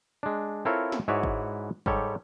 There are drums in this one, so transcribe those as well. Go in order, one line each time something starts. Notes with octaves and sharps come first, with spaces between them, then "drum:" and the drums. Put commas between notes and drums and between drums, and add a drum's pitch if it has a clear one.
G#3 D4
C4 E4 F4 A4 A#4 C#5
drum: snare
G#2 E4 F#4 B4 C#5 D5
drum: kick
G#2 G3 G4 A4 C#5, drum: kick